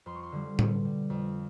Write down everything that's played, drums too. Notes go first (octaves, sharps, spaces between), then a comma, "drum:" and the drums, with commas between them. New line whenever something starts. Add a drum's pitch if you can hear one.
F2 C6
C#6
C6
D3 G3
B2, drum: tom A2
G3
F2